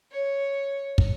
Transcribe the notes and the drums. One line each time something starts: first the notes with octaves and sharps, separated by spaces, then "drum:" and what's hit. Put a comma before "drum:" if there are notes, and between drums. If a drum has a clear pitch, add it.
C#5
drum: kick